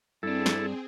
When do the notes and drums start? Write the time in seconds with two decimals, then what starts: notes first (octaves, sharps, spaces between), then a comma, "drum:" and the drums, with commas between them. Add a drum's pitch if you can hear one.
0.23 G2 C4 D4 E4 G#4 A4
0.46 drum: snare